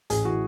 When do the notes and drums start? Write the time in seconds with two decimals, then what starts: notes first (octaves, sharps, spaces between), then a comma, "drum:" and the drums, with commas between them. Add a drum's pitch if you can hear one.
0.10 A1 G#4, drum: hi-hat
0.25 E3 F#4